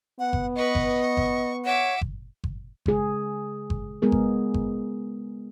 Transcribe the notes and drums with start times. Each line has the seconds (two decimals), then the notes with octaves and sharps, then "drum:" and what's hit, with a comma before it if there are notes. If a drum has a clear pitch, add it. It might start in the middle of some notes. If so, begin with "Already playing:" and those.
0.19 B3 F#5
0.33 drum: kick G1
0.56 B4 D#5 C#6
0.75 drum: kick G1
1.01 C#6
1.17 drum: kick G1
1.65 C#5 E5 F#5 D6
2.01 drum: kick G1
2.44 drum: kick G1
2.86 C#3 G#3 G#4, drum: kick G1
3.70 drum: kick G1
4.02 G#3 B3 G#4 A#4
4.12 drum: kick G1
4.54 drum: kick G1